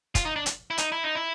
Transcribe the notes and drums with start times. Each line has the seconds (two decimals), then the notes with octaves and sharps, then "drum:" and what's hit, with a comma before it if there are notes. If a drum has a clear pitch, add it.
0.15 F4, drum: kick, hi-hat
0.25 D#4
0.36 D4
0.46 drum: hi-hat
0.70 E4
0.78 D#4, drum: hi-hat
0.92 E4
1.04 D#4
1.15 E4